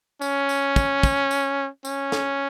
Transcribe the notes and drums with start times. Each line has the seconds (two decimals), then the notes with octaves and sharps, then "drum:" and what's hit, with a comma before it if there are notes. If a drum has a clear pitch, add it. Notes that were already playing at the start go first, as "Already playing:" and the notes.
0.22 C#4, drum: tambourine
0.49 drum: tambourine
0.76 drum: kick, tambourine
1.03 drum: kick, tambourine
1.31 drum: tambourine
1.85 C#4, drum: tambourine
2.12 drum: snare